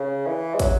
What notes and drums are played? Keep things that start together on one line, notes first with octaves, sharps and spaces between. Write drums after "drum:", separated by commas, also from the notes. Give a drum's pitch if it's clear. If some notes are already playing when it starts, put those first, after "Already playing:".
Already playing: C#3
E3
G#3
F#3, drum: kick, hi-hat